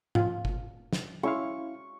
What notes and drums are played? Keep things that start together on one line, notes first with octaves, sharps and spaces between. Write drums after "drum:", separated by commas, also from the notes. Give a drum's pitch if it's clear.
F4, drum: tom G#2
drum: kick G1
drum: snare
C#4 E4 F5 C#6